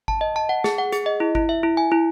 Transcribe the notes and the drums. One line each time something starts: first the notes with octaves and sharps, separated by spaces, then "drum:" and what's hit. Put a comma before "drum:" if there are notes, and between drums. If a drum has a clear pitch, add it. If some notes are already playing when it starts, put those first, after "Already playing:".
A5, drum: kick G#1
D#5
A5
F#5
G#4, drum: snare
F#5
G#4, drum: hi-hat
D#5
E4
E4, drum: kick G#1
E5
E4
G#5
E4